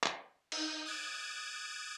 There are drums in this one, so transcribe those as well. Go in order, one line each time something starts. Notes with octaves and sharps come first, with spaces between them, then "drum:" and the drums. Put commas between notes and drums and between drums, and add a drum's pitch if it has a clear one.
drum: clap
D#4 G6, drum: cymbal
D#6 F#6 G#6 A6 D7 E7